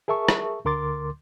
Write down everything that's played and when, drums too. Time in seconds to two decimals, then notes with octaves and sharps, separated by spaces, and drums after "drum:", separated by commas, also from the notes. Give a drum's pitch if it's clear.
0.08 G#4 A#4 E5 A5 C#6
0.29 drum: rim click
0.65 D2 D3 A#4 C6 D6 A6